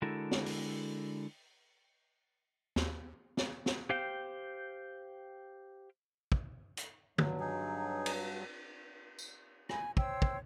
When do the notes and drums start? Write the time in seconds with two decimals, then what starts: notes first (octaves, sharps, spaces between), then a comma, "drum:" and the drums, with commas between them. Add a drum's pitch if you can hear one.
0.02 D3 G#3 E4 F#4 A4 A#4
0.31 drum: snare
0.46 drum: open hi-hat
2.76 D#2, drum: snare
3.37 drum: snare
3.66 drum: snare
3.90 G4 C5 F5 G5
6.32 drum: kick
6.77 drum: hi-hat
7.18 G2 F#3, drum: tom
7.40 D#4 G#4
8.06 drum: cymbal
9.19 drum: tambourine
9.69 G#5, drum: rim click
9.97 C5 C#5 G5 E6, drum: kick
10.22 drum: kick